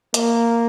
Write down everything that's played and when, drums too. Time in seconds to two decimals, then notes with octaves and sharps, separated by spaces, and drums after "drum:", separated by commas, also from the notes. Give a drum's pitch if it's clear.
0.14 A#3, drum: hi-hat